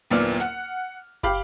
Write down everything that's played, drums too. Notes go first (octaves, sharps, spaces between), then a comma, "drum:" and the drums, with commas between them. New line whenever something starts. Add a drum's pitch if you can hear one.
F#1 D#2 A#2 B3 D5 F6
F#5, drum: snare
G4 F5 B5 D6, drum: kick